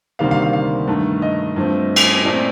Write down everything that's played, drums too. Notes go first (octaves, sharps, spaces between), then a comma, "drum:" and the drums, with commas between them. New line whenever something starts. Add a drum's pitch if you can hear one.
D2 C3 D#3 G3 A#3 F5
F5
F5
F5
G2 D#3 A3
D#5
G2 F3 A3 C4
drum: cymbal
A#2 A3 C4 D5